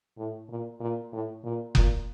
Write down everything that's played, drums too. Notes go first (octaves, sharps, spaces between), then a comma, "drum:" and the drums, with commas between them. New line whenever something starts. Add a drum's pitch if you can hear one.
A2
A#2
A#2
A2
A#2
A#2, drum: kick F#1